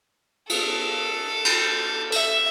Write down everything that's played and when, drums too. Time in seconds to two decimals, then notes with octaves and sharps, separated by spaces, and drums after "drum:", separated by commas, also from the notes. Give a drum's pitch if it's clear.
0.50 A4, drum: cymbal
1.45 drum: cymbal
2.12 E5, drum: tambourine